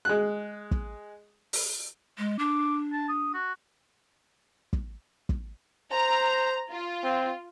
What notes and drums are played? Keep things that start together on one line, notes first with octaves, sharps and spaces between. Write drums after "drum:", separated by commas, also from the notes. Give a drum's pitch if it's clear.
G#3 F#6
drum: kick
drum: open hi-hat
G#3
D4 D6
A5
D#6
F#4
drum: kick
drum: kick
C5 A#5
F4
C4